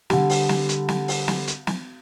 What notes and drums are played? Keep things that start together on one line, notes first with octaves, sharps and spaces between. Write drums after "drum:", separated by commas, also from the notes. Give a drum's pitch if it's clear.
D3 G3, drum: snare
drum: open hi-hat
drum: snare
drum: hi-hat
drum: snare
drum: open hi-hat
drum: snare
drum: hi-hat
drum: snare